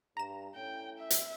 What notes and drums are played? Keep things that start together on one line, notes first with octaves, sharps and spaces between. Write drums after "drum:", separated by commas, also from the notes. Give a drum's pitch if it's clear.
G2 A#5 E7
A2 C#4 G5
E5
drum: hi-hat